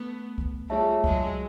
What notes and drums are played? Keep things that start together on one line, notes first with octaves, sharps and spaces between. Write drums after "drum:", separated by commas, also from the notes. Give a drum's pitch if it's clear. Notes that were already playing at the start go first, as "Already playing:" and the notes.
Already playing: A3 B3
drum: kick
G3 A3 F4 G#4 C#5 E5 A5
F#3 G#3, drum: kick